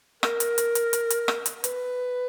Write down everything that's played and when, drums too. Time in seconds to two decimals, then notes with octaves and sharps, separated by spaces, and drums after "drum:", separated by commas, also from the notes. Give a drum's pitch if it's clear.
0.23 A#4, drum: rim click
0.40 drum: hi-hat
0.58 drum: hi-hat
0.75 drum: hi-hat
0.93 drum: hi-hat
1.10 drum: hi-hat
1.28 drum: rim click
1.46 drum: hi-hat
1.64 B4, drum: hi-hat